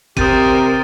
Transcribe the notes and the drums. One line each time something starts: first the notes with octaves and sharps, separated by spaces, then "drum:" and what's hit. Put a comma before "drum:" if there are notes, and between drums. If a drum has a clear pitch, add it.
C3 G4 A#4 C5 D#6 A6 D#7, drum: kick